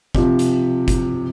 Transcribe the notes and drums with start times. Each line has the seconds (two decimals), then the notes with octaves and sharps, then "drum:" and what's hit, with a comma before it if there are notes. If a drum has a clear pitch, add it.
0.15 C3 F3, drum: kick F#1
0.39 drum: hi-hat
0.88 drum: kick F#1, hi-hat